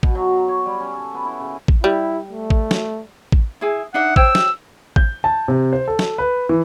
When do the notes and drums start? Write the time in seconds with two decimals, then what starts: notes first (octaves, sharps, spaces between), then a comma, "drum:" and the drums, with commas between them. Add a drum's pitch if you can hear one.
0.03 B2, drum: kick A1
0.15 F#3
0.33 A#5
0.48 C#5
0.66 G3
0.80 C#4
0.93 A4
1.14 B3
1.26 E4
1.40 C#3
1.68 drum: kick A1
1.84 G3 E4
2.32 A3
2.50 drum: kick A1
2.71 drum: snare
3.32 drum: kick A1
3.61 E4 G#4 G#5
3.94 D4 D#4 E5 F#5
4.16 C5 C#5 G5 E6, drum: kick A1
4.35 drum: snare
4.96 G6, drum: kick A1
5.24 A5
5.48 C3
5.73 C5
5.88 A4
5.99 drum: snare
6.18 B4
6.49 E3